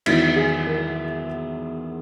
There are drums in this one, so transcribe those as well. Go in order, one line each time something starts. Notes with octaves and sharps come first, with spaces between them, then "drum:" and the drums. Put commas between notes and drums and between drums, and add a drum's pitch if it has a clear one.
E2 D#3 F#3 E4, drum: cymbal
G#4
A#4